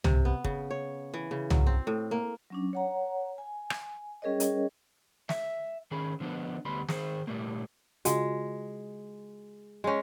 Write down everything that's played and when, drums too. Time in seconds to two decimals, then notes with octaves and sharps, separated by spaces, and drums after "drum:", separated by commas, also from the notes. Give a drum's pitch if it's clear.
0.04 C3, drum: tom C2
0.25 B3
0.44 C#3, drum: kick
0.70 C#5
1.14 E3
1.31 C#3
1.50 F#3, drum: tom C2
1.67 C4
1.87 A2
2.11 A#3
2.50 F#3 C#4 D4
2.73 C#5 F#5 A#5
3.38 G#5
3.70 drum: rim click
4.22 G3 C#4 G#4 A#4 C#5 D#5
4.40 drum: hi-hat
5.29 E5, drum: snare
5.91 D#3 C#4 G#4 B5
6.20 D3 F3 B3 D4
6.65 D2 G3 B3 B5 C6
6.89 D#3 G#4 C5, drum: snare
7.27 A#2 G3 A3 A#3
8.05 C#3 G#3 F4 F#4, drum: hi-hat
9.84 G#3 C#4